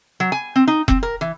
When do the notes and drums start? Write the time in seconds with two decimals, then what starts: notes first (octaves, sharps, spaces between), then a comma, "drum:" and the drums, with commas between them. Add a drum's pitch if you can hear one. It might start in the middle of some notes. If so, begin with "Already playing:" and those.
0.20 F#3
0.32 G#5
0.56 C4
0.67 D#4
0.88 C4, drum: kick F1
1.03 A#4
1.21 E3